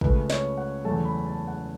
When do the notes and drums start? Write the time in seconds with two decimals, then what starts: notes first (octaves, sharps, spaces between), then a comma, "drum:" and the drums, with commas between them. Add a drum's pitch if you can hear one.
0.01 C#2 C#3 A3 B4, drum: kick
0.30 C#5, drum: snare
0.57 F#5
0.85 E2 C#3 F#3 A3 A5
1.05 B5
1.26 A5
1.48 F#5